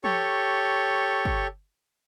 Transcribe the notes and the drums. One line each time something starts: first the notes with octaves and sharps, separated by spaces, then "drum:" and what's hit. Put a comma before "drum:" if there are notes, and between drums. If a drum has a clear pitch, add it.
G4 A4 C#5 C#6, drum: tom F3
drum: kick